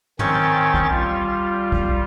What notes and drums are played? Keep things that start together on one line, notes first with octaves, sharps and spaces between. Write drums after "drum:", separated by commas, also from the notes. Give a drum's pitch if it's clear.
D#3 C4 C#4 G5 C#6 A6, drum: tom
drum: kick
G3 F4
drum: kick